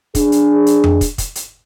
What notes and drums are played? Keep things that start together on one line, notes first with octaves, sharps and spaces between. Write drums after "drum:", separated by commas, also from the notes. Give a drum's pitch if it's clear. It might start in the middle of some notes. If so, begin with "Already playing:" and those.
D4 G#4, drum: kick, hi-hat
drum: hi-hat
drum: hi-hat
drum: tom F2
drum: kick, hi-hat
drum: kick, hi-hat
drum: hi-hat